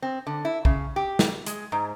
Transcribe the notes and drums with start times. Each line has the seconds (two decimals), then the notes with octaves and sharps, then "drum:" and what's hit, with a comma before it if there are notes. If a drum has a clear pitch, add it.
0.02 C4
0.27 D3
0.45 E4
0.65 C#3, drum: kick
0.96 G4
1.19 drum: snare
1.46 G#3, drum: hi-hat
1.72 G#2